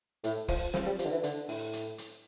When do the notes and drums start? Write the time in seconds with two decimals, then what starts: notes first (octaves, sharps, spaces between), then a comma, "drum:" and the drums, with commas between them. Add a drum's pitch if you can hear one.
0.24 A2, drum: hi-hat
0.48 F3, drum: kick, open hi-hat
0.74 F3, drum: snare
0.86 G3
0.99 F3, drum: hi-hat
1.05 D3
1.11 E3
1.23 D3, drum: hi-hat
1.48 A2, drum: open hi-hat
1.73 drum: hi-hat
1.98 drum: hi-hat